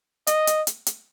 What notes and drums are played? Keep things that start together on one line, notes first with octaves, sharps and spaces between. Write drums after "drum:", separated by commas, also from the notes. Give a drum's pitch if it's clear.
D#5, drum: hi-hat
drum: hi-hat
drum: hi-hat
drum: hi-hat